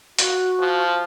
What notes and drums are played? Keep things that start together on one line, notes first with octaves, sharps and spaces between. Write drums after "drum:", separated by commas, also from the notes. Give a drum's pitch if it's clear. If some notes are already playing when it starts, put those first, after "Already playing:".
F#4, drum: hi-hat
F3